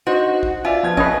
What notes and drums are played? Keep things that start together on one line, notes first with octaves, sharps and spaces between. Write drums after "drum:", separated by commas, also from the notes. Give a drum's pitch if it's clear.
D#4 F#4 C5
drum: kick
F4 D5 E5 G#5
F3 B3 G#6
C#4 B4 D#5, drum: kick